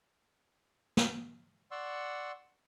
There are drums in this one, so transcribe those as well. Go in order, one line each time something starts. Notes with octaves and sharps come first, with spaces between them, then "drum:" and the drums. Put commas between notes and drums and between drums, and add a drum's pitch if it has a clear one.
drum: snare
D5 F#5 C6 C#6 E6